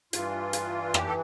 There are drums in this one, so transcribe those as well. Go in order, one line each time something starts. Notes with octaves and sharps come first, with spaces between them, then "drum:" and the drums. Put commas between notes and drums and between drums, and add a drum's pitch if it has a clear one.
G2 E3 F4, drum: hi-hat
drum: hi-hat
G4, drum: rim click
A4